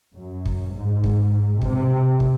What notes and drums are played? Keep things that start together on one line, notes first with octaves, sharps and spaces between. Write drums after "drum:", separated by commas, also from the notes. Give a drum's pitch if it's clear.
F#2
drum: kick
G#2
drum: kick
C3, drum: kick
drum: kick